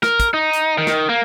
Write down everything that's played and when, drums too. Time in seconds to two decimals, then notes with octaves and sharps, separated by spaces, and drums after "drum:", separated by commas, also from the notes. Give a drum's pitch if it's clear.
0.03 A#4, drum: snare
0.20 drum: kick, hi-hat
0.34 D#4
0.53 drum: hi-hat
0.78 D#3
0.87 drum: snare
1.09 A#3